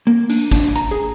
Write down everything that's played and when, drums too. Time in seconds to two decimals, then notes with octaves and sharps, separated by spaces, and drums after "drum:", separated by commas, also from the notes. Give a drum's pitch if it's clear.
0.07 A#3
0.30 D4, drum: open hi-hat
0.51 D4, drum: kick G#1, hi-hat
0.76 A#5, drum: hi-hat
0.91 G#4